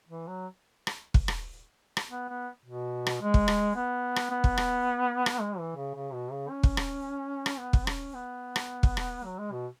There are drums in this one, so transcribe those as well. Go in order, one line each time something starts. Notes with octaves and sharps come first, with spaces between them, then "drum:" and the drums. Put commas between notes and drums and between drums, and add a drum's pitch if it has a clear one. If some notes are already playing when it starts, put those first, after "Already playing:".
E3
F#3
drum: rim click
drum: kick
drum: rim click
drum: rim click
B3
B3
B2
drum: rim click
G#3
drum: kick
drum: rim click
B3
drum: rim click
B3
drum: kick
drum: rim click
drum: rim click
G#3
E3
C#3
C#3
B2
C#3
C#4
drum: kick
drum: rim click
drum: rim click
B3
drum: kick
C#4, drum: rim click
B3
drum: rim click
drum: kick
drum: rim click
F#3
G#3
B2